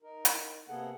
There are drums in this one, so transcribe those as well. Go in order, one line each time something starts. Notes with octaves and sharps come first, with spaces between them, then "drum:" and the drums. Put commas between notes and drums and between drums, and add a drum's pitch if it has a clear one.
D#4 A#4
drum: hi-hat
C3 A#3 B3 G#4 A4 F#5